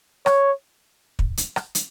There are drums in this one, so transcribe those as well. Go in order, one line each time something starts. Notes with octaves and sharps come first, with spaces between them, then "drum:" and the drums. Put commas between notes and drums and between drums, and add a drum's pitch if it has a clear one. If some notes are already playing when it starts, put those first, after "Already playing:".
C#5, drum: rim click
drum: kick
drum: hi-hat
drum: rim click
drum: hi-hat